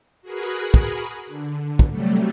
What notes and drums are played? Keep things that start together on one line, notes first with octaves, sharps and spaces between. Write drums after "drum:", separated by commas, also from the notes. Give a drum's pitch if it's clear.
F#4 G#4 A#4 B4 B5
drum: kick
D3
drum: kick
C3 F#3 G3 A3